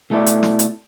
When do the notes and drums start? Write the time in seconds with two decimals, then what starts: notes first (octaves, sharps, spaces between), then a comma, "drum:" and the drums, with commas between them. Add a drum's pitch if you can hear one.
0.10 B2 A3 E4 A4 D5
0.26 drum: hi-hat
0.43 drum: snare
0.59 drum: hi-hat